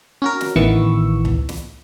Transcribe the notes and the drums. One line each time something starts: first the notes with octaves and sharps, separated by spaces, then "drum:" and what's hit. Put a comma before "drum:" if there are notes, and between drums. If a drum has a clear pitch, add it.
C#4 F#4 A#4
drum: snare
A1 D#3 E3 B3 C#6 E6
drum: tom C#2
drum: snare